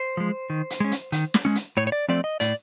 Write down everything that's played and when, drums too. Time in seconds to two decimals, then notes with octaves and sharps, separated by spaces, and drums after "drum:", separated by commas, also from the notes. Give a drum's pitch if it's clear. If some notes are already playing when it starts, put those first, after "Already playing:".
Already playing: C5
0.17 F3 G#3
0.50 D#3
0.70 drum: hi-hat
0.80 G#3 C#4
0.92 drum: hi-hat
1.12 D#3, drum: hi-hat
1.34 drum: snare
1.45 G#3 C#4
1.55 drum: hi-hat
1.77 A2 C#5
1.87 C#5
1.92 D5
2.08 F3 A3 C4 D5
2.24 D#5
2.40 A2 D5, drum: hi-hat